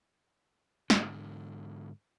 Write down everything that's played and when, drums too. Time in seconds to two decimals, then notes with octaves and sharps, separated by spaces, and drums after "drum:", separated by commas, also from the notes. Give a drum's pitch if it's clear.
0.90 G#2 D3, drum: snare